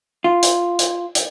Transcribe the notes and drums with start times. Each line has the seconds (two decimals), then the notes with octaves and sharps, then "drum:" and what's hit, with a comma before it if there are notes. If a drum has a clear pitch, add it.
0.24 F4
0.43 drum: hi-hat
0.79 drum: hi-hat
1.15 drum: hi-hat